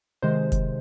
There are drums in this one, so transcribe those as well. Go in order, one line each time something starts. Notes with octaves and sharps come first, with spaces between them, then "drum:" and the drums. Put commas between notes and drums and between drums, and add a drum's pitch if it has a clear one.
C3 D#3 G#3 C5
drum: kick F1, hi-hat